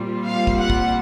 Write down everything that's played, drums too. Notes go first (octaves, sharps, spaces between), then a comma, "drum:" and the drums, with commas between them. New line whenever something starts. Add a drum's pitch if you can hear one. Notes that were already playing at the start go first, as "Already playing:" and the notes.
Already playing: A#2 G3 C4 F4
F5
drum: kick
F#5
drum: kick